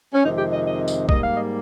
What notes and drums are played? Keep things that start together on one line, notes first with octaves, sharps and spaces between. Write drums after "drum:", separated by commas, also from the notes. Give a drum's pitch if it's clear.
C#4
F2 C3 D#3 G#3 D#4
G4
D#5
D#5
drum: tambourine
G#2 G3 A#3 D#5, drum: kick
F5
D#5